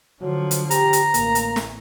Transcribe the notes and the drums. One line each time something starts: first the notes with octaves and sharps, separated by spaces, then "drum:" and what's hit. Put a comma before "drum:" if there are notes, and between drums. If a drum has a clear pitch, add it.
D3 F3 F#3
drum: hi-hat
G4 A#5, drum: hi-hat
drum: hi-hat
A1 A#3, drum: hi-hat
drum: hi-hat
drum: snare